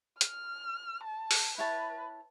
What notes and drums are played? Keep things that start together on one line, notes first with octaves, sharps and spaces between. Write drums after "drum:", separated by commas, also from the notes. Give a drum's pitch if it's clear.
F6, drum: hi-hat
A5
drum: open hi-hat
E4 B4 C#5 A5